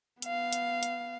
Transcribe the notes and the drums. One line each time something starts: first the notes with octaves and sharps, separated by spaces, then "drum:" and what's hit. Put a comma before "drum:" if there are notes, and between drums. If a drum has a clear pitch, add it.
B3 F5, drum: hi-hat
drum: hi-hat
drum: hi-hat